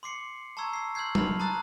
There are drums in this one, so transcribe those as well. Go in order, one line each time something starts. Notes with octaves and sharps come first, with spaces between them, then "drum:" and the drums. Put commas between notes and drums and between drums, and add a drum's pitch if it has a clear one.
C6 D6 C7 C#7
A5 A#5 C6 C#6 E6 G#6
E6 C7
C6 E6 F6 G6 G#6 C7
A5 B5 C6 F6, drum: tom F#3
A5 A#5 C6 D#6 F#6 A6